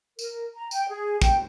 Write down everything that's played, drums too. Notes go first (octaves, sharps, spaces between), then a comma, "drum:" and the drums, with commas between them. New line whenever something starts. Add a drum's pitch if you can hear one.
A#4, drum: tambourine
A#5
G5, drum: tambourine
G#4
G5, drum: kick, tambourine